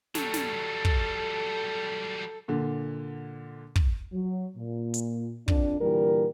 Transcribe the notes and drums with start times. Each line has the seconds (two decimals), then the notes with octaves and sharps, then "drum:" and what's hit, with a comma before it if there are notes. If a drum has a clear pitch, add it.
0.15 F#3 G3 A4, drum: snare
0.34 drum: snare
0.85 drum: kick
2.48 A#2 D3
3.76 drum: kick
4.12 F#3
4.57 A#2
4.94 drum: hi-hat
5.48 F2 D4, drum: kick
5.80 A#2 D3 E3 G3 A#4